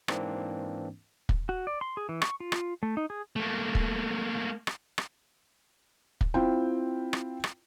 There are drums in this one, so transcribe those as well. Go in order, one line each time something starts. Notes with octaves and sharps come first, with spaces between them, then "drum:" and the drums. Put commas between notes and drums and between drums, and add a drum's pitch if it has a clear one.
G#2 E3 A#3 C4 D4, drum: rim click
drum: kick
F#4
D5
C6
G#4
E3
C#6, drum: rim click
F4
drum: rim click
A3
D#4
G#4
A3 A#3
drum: kick
drum: rim click
drum: rim click
drum: kick
C4 E4 F4 G5
drum: rim click
drum: rim click